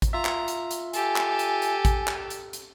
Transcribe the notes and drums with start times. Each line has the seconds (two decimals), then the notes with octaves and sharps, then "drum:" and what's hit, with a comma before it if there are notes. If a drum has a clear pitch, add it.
0.02 drum: kick A1, hi-hat
0.13 F4 E5 A#5
0.25 drum: clap
0.48 drum: hi-hat
0.71 drum: hi-hat
0.93 G4 A4 G#5, drum: hi-hat
1.16 drum: clap
1.39 drum: hi-hat
1.62 drum: hi-hat
1.85 drum: kick A1, hi-hat
2.08 drum: clap
2.30 drum: hi-hat
2.53 drum: hi-hat